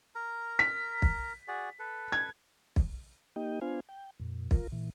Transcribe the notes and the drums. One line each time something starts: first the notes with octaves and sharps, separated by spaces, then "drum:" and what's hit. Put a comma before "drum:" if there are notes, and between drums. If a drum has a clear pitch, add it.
A#4 A#5
B6
drum: kick
F#4 G#4 D5
A4 B4
G#6
drum: kick
A#3 D#4 G4 D#5 G5
B3 D4 F4 C5 F5 G#5
G5
F2 A#2
F4 A#4, drum: kick
A#2 E3